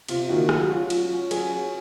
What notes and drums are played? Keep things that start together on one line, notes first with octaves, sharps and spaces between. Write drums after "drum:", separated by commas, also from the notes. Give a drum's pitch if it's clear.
C3 F4, drum: cymbal
D#3 A#3 D#4 F#4
F#3 F#4, drum: rim click
C#4 F4 F#4
F#3, drum: cymbal
C#4 F#4
F#3 G#4, drum: cymbal
C#4 F#4